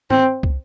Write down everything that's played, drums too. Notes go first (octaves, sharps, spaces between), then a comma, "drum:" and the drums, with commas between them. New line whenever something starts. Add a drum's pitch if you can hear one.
C4, drum: tom G#2
drum: kick